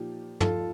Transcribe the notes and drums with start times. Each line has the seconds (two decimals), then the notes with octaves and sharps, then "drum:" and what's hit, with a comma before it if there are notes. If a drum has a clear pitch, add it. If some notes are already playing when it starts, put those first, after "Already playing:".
Already playing: A#2 F3 D#4 G4
0.40 F4 A4, drum: tom